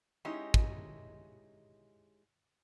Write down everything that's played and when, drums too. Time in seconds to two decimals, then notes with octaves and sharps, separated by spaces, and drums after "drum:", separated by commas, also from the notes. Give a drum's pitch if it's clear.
0.25 G#3 C#4 D#4 E4 G4
0.54 drum: kick